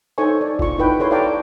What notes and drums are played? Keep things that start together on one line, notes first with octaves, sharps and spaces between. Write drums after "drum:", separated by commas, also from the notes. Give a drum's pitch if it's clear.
D#4 A4 C5 C#5 G#5 C#6
D5
F4 C#6, drum: kick G1
D#4 E4 B4 G5
G4 A4 B4 C#5 C6
D5 F5 G5 A5 A#5 D6